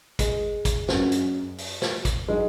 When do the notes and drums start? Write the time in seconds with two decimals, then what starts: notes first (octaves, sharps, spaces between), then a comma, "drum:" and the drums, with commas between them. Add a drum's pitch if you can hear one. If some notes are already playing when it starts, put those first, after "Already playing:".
0.19 G#3, drum: kick, hi-hat
0.65 drum: kick, hi-hat
0.88 F#2 F#3 C#4 F#4, drum: snare
1.12 drum: hi-hat
1.58 drum: open hi-hat
1.82 drum: snare
2.05 drum: kick, hi-hat
2.28 F#3 G#3 D#4 F#4